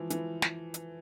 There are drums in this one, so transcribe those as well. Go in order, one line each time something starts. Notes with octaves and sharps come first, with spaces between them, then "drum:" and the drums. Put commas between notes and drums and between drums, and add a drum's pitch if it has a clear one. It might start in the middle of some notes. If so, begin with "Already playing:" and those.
Already playing: E3 F3
E3, drum: hi-hat
drum: snare
drum: hi-hat